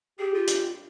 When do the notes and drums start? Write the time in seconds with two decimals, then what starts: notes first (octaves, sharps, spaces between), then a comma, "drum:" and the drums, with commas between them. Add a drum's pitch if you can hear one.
0.19 G4 G#4
0.34 F4
0.48 drum: hi-hat